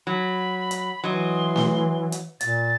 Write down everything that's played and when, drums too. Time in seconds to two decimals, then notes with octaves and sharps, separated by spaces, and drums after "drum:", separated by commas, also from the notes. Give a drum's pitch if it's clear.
0.07 F#3 B5
0.71 drum: hi-hat
1.04 E3 F#3 D#5 C6
1.56 drum: snare A3
2.12 drum: hi-hat
2.41 A#2 A6, drum: hi-hat